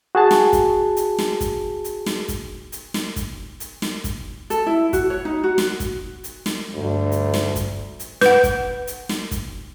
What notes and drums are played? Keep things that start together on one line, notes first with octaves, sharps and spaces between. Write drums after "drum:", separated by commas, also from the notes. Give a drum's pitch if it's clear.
F#4 G#4 A5
drum: snare
drum: kick, hi-hat
drum: hi-hat
drum: snare
drum: kick, hi-hat
drum: hi-hat
drum: snare
drum: kick, hi-hat
drum: hi-hat
drum: snare
drum: kick, hi-hat
drum: hi-hat
drum: snare
drum: kick, hi-hat
A4, drum: hi-hat
E4
F#4, drum: kick, hi-hat
C#5
D#4
F#4
drum: snare
drum: kick, hi-hat
drum: hi-hat
drum: snare
D2 G2
drum: hi-hat
drum: snare
drum: kick, hi-hat
drum: hi-hat
B4 F#5, drum: snare
drum: kick, hi-hat
drum: hi-hat
drum: snare
drum: kick, hi-hat